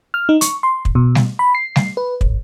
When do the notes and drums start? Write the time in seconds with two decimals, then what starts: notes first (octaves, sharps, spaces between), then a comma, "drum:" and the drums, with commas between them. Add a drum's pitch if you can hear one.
0.14 F6
0.29 D#4
0.41 C#6, drum: hi-hat
0.63 C6
0.85 drum: kick
0.95 B2
1.15 drum: snare G3
1.39 B5
1.55 C7
1.76 drum: snare G3
1.97 B4
2.21 G#1, drum: kick